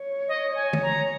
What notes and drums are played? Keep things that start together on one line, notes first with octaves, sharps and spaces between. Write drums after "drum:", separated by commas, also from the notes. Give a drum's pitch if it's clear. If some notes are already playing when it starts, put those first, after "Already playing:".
Already playing: C#5
D#5
G#5
drum: tom
A#5